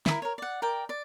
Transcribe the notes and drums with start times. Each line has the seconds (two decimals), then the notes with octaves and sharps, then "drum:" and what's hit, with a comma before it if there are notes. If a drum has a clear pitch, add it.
0.06 E4 G#4 A#4, drum: snare
0.22 A#4 C#5
0.38 D5 F#5
0.62 A#4 D5 G5
0.89 D5